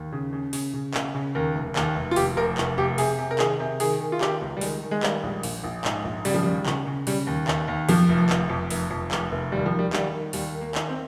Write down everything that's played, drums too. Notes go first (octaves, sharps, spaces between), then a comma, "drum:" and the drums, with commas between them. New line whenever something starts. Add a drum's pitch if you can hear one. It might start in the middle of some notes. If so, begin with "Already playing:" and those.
Already playing: D#2
C#3
C#3
C#3, drum: open hi-hat
C#3
C#3, drum: clap
C#3
D#2 A#4
F1
D#2, drum: clap
F1
F4
F1 G4, drum: open hi-hat
F1 A#4
F1, drum: clap
F1 G4
C3 G#4, drum: open hi-hat
C3
A#4
D#3 G#4, drum: clap
C3
D#3 G#4, drum: open hi-hat
D#3
F4
D#3 G4, drum: clap
C#2
G3
D#3 G#3, drum: open hi-hat
D#3
G#3
D#3 G3, drum: clap
A#1
A#1, drum: open hi-hat
A#1
G#2, drum: clap
A#1
C#3 G3, drum: open hi-hat
F3
D#2 G3
C#3, drum: clap
C#3
C#3 G3, drum: open hi-hat
D#2
D#2, drum: clap
D#2
F2 F3, drum: open hi-hat
F1
F1, drum: clap
F2
F1, drum: open hi-hat
F2
F1, drum: clap
F1
D#2 G3
F3
D#3
G3
D#3 G3, drum: clap
D#3
D#2 G3, drum: open hi-hat
D#3
A#3
D#3, drum: clap
C4